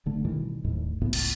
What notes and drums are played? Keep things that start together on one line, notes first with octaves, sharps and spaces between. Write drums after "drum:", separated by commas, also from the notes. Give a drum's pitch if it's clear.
F#1 D3 A3
B2 D#3 E3 G3
D1 G1 D#2 A2
F#1 C#2 A2 B3
drum: cymbal